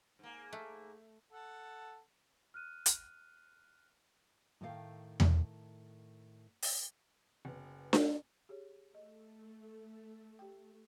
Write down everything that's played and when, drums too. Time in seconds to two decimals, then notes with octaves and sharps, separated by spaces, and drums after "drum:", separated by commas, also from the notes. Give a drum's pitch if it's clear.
0.19 G#2 A#3
0.53 A3
1.32 A4 F#5 A5
2.54 F6 F#6 D#7
2.86 drum: hi-hat
4.61 A2 D#3 A3 D5 F5 G5
5.20 drum: tom E2
6.62 drum: open hi-hat
7.45 F#1 B3
7.93 drum: snare D4
8.49 G4 G#4 C#5
8.95 A3 D#5
10.39 G4 G5